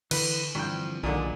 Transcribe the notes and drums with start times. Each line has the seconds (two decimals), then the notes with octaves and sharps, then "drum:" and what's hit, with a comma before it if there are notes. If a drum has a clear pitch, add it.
0.11 D3 E3 B4, drum: cymbal
0.55 G2 D3 E3 F3 C4 G5
1.03 B1 A#2 D3 D#3 D#4 G#4